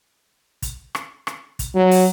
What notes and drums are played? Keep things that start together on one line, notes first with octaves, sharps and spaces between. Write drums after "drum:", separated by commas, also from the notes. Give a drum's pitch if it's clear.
drum: kick, hi-hat
drum: rim click
drum: rim click
drum: kick, hi-hat
F#3
drum: open hi-hat